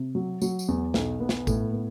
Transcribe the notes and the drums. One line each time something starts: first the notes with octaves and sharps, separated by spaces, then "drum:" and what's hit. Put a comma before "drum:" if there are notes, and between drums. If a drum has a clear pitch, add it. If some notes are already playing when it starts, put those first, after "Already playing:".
Already playing: C3
F#3
F#3, drum: tambourine
drum: tambourine
E2
B1, drum: snare
B3
drum: snare
A2, drum: kick A1, tambourine
B3